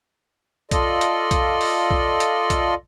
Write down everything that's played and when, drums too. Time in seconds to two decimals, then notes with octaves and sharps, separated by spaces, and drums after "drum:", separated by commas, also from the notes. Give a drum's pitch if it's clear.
0.71 F4 A4 D5 D#5, drum: kick B1, hi-hat
1.01 drum: hi-hat
1.31 drum: kick B1, hi-hat
1.61 drum: open hi-hat
1.91 drum: kick B1
2.20 drum: hi-hat
2.50 drum: kick B1, hi-hat